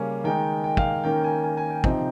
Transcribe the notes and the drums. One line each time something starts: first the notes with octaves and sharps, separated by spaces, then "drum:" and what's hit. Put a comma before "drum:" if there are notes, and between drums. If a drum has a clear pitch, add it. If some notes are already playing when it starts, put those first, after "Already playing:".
Already playing: C#3 G3 A#3 C#4
D#3 G#3 D#4 G5
G5
F5, drum: kick
D#3 A#3 C#4 G5
G#5
G#5
G#5
G5
C3 F3 C4 D#4 G5, drum: kick